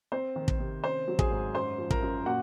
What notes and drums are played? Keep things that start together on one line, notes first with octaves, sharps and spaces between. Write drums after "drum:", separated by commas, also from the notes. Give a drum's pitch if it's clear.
C4 C5
D#3
drum: kick
C3
C#4 C5
F#3
G#4 G#5, drum: kick
G#2
F#2 C5 C6
F3
A#4 A#5, drum: kick
F#2
A#2 F#4 F#5